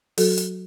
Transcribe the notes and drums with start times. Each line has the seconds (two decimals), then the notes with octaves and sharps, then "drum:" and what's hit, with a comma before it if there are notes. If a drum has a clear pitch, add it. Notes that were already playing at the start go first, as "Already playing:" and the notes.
0.18 F#3 F#4 A4, drum: open hi-hat
0.38 drum: hi-hat